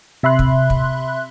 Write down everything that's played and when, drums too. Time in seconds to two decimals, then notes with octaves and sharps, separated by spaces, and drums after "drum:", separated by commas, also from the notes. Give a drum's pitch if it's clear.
0.23 C3 E5 B5 C6 F#6
0.39 drum: kick
0.70 drum: kick